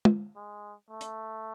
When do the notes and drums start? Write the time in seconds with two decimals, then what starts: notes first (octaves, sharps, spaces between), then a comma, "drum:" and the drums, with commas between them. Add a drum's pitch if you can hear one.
0.05 drum: tom
0.36 G#3
0.90 A3
1.01 drum: hi-hat